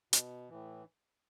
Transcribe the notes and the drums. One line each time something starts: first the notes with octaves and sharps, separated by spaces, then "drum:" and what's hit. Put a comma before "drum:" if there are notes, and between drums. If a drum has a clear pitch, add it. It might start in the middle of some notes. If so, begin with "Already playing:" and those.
B2, drum: hi-hat
A2 E3